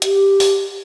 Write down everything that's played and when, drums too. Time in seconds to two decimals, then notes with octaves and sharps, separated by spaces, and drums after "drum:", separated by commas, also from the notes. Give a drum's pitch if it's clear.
0.02 G4, drum: hi-hat
0.40 drum: open hi-hat